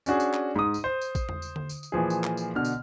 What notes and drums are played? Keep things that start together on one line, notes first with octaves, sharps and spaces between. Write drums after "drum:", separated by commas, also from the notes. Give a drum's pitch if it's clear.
C#4 D4 F#4 G#4, drum: tambourine
drum: tambourine
drum: clap
G#2 D#6
drum: tambourine
C5
drum: tambourine
drum: kick, tambourine
drum: tom E2
drum: tambourine
drum: tom D3
drum: tambourine
drum: tambourine
A#2 E3 F3 G#4
drum: tambourine
drum: clap
drum: tambourine
B2 D3 F6
drum: tambourine